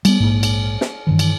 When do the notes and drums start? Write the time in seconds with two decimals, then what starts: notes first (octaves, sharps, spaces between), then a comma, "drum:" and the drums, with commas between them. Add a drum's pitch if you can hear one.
0.05 G3 B3, drum: cymbal
0.20 A#1 G#2 A#3
0.43 drum: cymbal
0.81 drum: snare
1.07 G2 D#3 E3
1.19 drum: cymbal